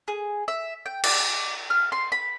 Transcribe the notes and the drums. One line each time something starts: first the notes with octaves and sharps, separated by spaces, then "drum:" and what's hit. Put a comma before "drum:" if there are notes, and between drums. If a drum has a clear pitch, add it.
G#4
E5
G5
D5, drum: cymbal
F6
C6
B5